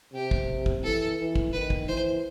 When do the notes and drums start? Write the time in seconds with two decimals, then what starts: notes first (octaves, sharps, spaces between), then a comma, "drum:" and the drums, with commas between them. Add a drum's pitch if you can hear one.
0.13 C3 G4
0.31 drum: kick
0.66 drum: kick
0.83 E3 A4
1.18 E3
1.36 drum: kick
1.53 D#3 B4
1.70 drum: kick
1.87 E3 C5